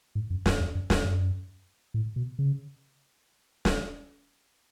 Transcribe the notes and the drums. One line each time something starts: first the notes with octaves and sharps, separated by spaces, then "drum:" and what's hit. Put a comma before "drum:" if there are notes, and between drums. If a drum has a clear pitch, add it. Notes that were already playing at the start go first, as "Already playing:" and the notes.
G#2
F#2
F#2, drum: snare
E2
F#2
E2, drum: snare
F#2
A2
B2
C#3
drum: snare